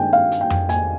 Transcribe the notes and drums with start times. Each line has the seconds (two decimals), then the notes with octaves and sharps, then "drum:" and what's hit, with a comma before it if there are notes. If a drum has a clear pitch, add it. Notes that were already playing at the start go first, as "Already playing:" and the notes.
Already playing: G2 D#3 G#3 C4 G5 G#5
0.13 F5
0.32 drum: hi-hat
0.41 G5
0.50 drum: tom F2
0.69 G#5, drum: hi-hat